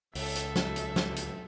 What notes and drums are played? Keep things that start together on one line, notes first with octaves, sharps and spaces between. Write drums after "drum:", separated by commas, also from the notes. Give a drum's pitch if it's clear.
C#2 A4 E5, drum: open hi-hat
drum: hi-hat
drum: snare
drum: hi-hat
drum: snare
drum: hi-hat